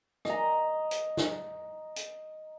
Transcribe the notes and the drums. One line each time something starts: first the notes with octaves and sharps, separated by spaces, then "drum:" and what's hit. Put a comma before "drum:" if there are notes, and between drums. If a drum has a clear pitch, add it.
D#5 A#5, drum: rim click
drum: hi-hat
drum: snare
drum: hi-hat